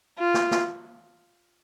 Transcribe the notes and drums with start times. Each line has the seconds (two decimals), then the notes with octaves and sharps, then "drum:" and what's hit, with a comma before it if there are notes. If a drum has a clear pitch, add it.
0.19 F4
0.34 drum: snare
0.51 drum: snare